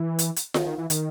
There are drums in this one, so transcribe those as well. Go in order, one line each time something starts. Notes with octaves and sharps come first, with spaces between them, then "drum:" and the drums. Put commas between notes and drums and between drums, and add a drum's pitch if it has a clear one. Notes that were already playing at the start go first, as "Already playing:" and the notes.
Already playing: E3
drum: hi-hat
drum: hi-hat
D#3, drum: snare F4
D#3
E3
D#3, drum: hi-hat